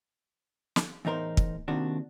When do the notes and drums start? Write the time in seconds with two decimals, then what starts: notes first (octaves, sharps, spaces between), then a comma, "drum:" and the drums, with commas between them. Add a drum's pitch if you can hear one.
0.76 drum: snare
1.05 E2 A2 D#4 A#4 C5
1.37 drum: kick
1.68 D#2 C3 D#3 D4 F#4